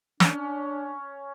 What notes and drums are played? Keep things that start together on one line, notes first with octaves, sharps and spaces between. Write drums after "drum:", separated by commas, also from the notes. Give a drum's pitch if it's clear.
C#4 D4, drum: snare